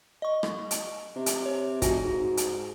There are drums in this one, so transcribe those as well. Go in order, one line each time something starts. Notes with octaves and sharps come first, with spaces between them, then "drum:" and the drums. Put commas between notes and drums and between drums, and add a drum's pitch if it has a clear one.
D#5 C#6
drum: rim click
drum: hi-hat
C3
drum: hi-hat
C#5
F1 F#4 G#5, drum: kick, hi-hat
G#2
drum: hi-hat